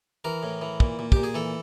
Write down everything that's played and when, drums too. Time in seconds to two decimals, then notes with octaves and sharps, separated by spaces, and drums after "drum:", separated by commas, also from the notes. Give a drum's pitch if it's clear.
0.25 E3 A#4
0.43 A2
0.61 E3
0.80 A#2, drum: kick
0.99 A#2
1.12 A#2 G4, drum: kick
1.24 G#4
1.34 E3 A4